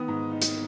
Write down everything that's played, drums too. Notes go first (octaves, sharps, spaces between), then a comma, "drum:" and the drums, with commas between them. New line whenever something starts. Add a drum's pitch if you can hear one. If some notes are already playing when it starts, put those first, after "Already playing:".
Already playing: D#3 B3 D#6
G#2
D#4
drum: hi-hat